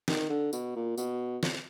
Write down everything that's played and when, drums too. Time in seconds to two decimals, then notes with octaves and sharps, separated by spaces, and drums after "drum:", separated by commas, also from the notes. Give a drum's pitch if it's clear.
0.08 D#3, drum: snare
0.30 D3
0.53 B2, drum: tambourine
0.76 A#2
0.98 B2, drum: tambourine
1.43 drum: snare